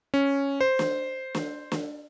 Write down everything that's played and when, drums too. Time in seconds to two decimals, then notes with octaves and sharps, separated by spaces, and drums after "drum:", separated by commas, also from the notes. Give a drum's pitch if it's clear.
0.14 C#4
0.61 C5
0.79 drum: snare
1.35 drum: snare
1.72 drum: snare